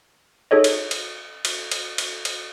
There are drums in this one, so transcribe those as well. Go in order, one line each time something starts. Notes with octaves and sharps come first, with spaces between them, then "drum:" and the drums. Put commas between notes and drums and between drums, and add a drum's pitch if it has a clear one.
D#4 G#4 A4 C#5 D#5
drum: cymbal
drum: cymbal
drum: cymbal
drum: cymbal
drum: cymbal
drum: cymbal